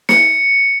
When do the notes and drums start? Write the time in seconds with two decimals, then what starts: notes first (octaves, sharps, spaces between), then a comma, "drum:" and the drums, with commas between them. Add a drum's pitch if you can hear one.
0.09 C#7, drum: snare